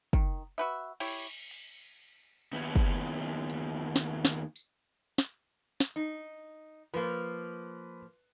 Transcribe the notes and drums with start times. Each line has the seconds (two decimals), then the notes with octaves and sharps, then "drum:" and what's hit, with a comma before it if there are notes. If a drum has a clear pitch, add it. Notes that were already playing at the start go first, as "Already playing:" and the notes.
0.13 D#3, drum: kick
0.58 F#4 B4 E5
1.00 E4 G4 C#5, drum: cymbal
1.51 drum: open hi-hat
2.53 D#2 B3
2.76 drum: kick
3.50 drum: hi-hat
3.96 drum: snare
4.25 drum: snare
4.56 drum: tambourine
5.18 drum: snare
5.80 drum: snare
5.96 D#4
6.94 F3 A#3 B4